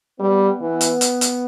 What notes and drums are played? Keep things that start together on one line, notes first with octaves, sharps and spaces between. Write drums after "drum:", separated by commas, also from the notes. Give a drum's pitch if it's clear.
G3 B3
E3 B3
drum: hi-hat
drum: hi-hat
drum: hi-hat